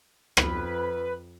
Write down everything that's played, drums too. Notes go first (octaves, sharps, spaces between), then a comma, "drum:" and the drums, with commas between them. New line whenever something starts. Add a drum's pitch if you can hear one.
F2 B4, drum: rim click